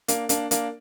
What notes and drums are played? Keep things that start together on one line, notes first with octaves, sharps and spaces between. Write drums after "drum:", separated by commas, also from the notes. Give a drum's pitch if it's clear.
A#3 D4, drum: hi-hat
A#3 D4, drum: hi-hat
A#3 D4, drum: hi-hat